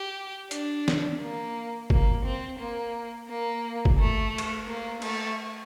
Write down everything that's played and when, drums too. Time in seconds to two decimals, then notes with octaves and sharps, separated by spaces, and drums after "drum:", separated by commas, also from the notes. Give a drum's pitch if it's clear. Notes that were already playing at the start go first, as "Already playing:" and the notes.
Already playing: G4
0.51 D4, drum: hi-hat
0.88 drum: snare
1.21 A#3
1.90 A#3, drum: kick G1
2.25 C4
2.59 A#3
3.29 A#3
3.85 drum: kick G1
3.99 A3
4.38 drum: cymbal
4.68 A#3
5.02 A3, drum: cymbal